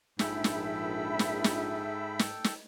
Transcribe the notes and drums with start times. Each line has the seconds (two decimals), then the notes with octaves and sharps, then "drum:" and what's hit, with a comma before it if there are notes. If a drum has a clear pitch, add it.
0.19 A#1 G#2 A4 E5 G5 B5, drum: snare
0.44 drum: snare
1.19 drum: snare
1.44 drum: snare
2.19 drum: snare
2.44 drum: snare